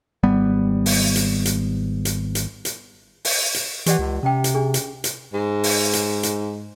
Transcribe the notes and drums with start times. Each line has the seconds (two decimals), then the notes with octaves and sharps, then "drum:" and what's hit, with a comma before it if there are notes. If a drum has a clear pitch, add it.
0.23 G#1 G3 B3
0.86 drum: open hi-hat
1.16 drum: hi-hat
1.45 drum: hi-hat
2.05 drum: hi-hat
2.35 drum: hi-hat
2.65 drum: hi-hat
3.25 drum: open hi-hat
3.54 drum: hi-hat
3.86 E3 G4 D5 F#5, drum: hi-hat
3.99 C#2
4.23 C3 C#4 G5
4.44 drum: hi-hat
4.55 D4 G#4
4.74 drum: hi-hat
5.04 drum: hi-hat
5.34 G#2
5.64 drum: open hi-hat
5.93 drum: hi-hat
6.23 drum: hi-hat